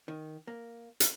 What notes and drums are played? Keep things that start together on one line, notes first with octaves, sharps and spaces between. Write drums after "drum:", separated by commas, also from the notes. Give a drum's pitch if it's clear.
D#3
A#3
drum: hi-hat